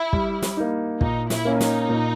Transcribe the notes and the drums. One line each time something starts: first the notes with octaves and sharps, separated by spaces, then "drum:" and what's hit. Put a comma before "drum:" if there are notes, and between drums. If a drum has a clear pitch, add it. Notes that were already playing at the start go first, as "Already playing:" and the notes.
Already playing: E4
G3, drum: kick
drum: snare
A#3 D#4
A#2 D#4, drum: kick
E4, drum: snare
A#3 C#4
D#4, drum: snare
A#2